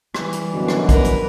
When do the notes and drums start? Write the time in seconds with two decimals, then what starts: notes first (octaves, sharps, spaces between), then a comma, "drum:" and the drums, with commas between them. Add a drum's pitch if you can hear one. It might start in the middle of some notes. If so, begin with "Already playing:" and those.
0.14 E3 G3, drum: rim click
0.32 drum: hi-hat
0.54 F#2 B2 D3
0.68 drum: rim click
0.89 A#4 B4, drum: kick, hi-hat
1.04 drum: hi-hat